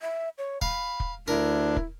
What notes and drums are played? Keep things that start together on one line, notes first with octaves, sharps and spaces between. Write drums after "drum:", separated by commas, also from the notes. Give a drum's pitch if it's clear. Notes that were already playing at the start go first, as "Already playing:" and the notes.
E5
C#5
F5 B5, drum: kick
drum: kick
D2 D4 E4 A#4
drum: kick